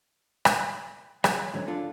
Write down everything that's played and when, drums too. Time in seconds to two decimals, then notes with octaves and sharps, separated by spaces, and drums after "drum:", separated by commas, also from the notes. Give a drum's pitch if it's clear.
0.45 drum: rim click
1.24 F#3 G#4 C#5 G#5 A5, drum: rim click
1.54 G#2 D3 F#3 A3 C#4
1.68 D4 F4 A4